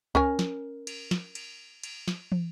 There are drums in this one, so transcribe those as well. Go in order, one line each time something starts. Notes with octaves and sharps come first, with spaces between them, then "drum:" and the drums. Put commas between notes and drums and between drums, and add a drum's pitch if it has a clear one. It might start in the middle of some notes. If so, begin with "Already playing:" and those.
C#4 A#4 G#5, drum: kick C#2
drum: snare
drum: cymbal
drum: snare
drum: cymbal
drum: cymbal
drum: snare
drum: tom